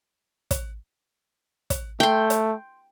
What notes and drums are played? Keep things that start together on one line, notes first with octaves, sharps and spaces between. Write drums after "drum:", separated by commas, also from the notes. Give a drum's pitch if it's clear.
drum: kick, hi-hat
drum: kick, hi-hat
A3 G5 C6
drum: hi-hat